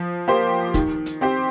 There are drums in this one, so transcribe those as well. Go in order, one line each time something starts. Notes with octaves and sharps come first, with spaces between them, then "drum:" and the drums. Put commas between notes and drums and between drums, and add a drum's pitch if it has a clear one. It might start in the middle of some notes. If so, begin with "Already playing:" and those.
Already playing: F3
A#3 G4 C5
D#3, drum: kick, hi-hat
drum: hi-hat
C4 G4 C5